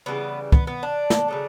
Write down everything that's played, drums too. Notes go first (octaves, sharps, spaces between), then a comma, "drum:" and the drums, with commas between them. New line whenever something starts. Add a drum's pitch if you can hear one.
C#3 E3 G3 B3
B3, drum: kick
B3
D4
drum: snare
C#3 F#3 A3